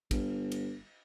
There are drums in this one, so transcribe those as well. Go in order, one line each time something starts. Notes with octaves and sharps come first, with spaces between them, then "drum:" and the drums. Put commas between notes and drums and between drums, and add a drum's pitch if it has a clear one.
G1, drum: kick A1, cymbal
drum: cymbal